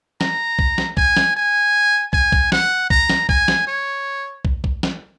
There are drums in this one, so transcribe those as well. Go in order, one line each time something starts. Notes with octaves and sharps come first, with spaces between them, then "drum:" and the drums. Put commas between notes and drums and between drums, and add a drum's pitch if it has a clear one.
A#5, drum: snare
drum: kick
drum: snare
G#5, drum: kick
drum: snare
G#5
G#5, drum: kick
drum: kick
F#5, drum: snare
A#5, drum: kick
drum: snare
G#5, drum: kick
drum: snare
C#5
drum: kick
drum: kick
drum: snare